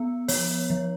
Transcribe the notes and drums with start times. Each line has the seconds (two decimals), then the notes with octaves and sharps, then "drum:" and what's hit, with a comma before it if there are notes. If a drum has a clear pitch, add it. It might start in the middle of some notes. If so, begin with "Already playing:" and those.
Already playing: B3
0.28 F3 C#5, drum: open hi-hat
0.70 F3